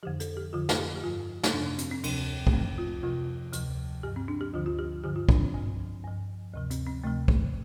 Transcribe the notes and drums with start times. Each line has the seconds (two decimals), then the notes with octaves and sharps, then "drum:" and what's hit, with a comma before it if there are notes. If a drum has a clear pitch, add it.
0.03 F2 D3 F3 G4
0.20 A4, drum: hi-hat
0.37 G4
0.53 F2 D3 F3 F4
0.69 drum: snare
0.78 G4
0.96 G4
1.04 G2 F3 F4
1.43 drum: snare
1.53 F2 C3 F3 D4
1.66 D4
1.78 C4, drum: hi-hat
1.91 C4
2.04 D2 C3 F3 D4, drum: cymbal
2.47 A3, drum: kick
2.53 F2 F3 C4
2.78 F4
3.03 F2 C3 F3 F4
3.53 D2 C3 F3, drum: hi-hat
4.03 G2 F3 G4
4.16 C4
4.28 D4
4.41 G4
4.53 D2 D3 F3 F4
4.66 F4
4.79 G4
5.04 G2 D3 F3 G4
5.16 F4
5.29 D4, drum: kick
5.40 C4
5.54 G2 F3
6.04 G2 F3
6.54 D2 C3 F3
6.71 C4, drum: hi-hat
6.87 C4
7.03 D2 C3 F3 A3
7.28 A3, drum: kick